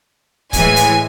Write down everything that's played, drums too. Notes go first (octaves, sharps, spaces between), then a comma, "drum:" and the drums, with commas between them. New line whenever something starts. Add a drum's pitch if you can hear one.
A2 E3 G#3 G#5, drum: kick C#1, hi-hat
drum: hi-hat